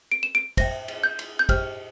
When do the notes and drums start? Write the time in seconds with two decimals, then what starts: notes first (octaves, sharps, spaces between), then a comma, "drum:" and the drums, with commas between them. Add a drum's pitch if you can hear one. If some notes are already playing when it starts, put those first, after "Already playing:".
0.12 D7
0.23 E7
0.35 D7
0.57 C5 E5 G5 A#6, drum: kick, cymbal
0.88 drum: cymbal
1.04 G6
1.19 drum: cymbal
1.39 G6
1.49 G4 C5 G5 F6, drum: kick, cymbal